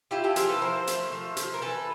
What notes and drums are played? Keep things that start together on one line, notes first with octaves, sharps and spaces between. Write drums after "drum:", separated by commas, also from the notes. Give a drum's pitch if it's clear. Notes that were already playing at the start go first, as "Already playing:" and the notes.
E4 F4 G4
G4 A4
F3 G#4 A#4, drum: hi-hat
A4 B4
F3 A#4 C5
A3, drum: hi-hat
F3
F3, drum: hi-hat
A#4
E3 A4 B4